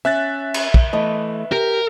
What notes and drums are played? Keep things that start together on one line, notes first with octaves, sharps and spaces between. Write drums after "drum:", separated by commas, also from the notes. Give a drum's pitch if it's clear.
C#4 E5 F#6 A6
drum: cymbal
drum: kick
E3 A3 D#5
G4 A#4